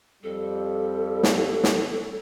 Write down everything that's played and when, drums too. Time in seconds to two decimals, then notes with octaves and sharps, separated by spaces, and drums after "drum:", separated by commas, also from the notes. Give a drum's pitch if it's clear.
0.23 F2 G3 A4
1.23 drum: snare
1.64 drum: snare